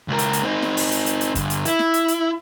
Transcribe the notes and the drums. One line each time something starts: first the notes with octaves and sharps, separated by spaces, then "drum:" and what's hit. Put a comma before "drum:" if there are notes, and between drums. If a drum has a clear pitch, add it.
C#2 A#4
drum: hi-hat
drum: hi-hat
C4 D#4
drum: snare
drum: open hi-hat
drum: hi-hat
drum: hi-hat
drum: hi-hat
G2 D3, drum: kick, hi-hat
drum: hi-hat
E4, drum: hi-hat
drum: snare
drum: hi-hat
drum: hi-hat